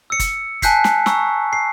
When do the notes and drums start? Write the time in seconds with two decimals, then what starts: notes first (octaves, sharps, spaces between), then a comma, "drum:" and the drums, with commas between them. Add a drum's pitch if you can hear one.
0.10 E6 C#7
0.19 drum: kick, hi-hat
0.62 G#5 A5 F#6 G6 B6 C7, drum: kick, hi-hat
0.84 drum: snare
1.06 A#5 C#6 E6, drum: snare
1.53 C7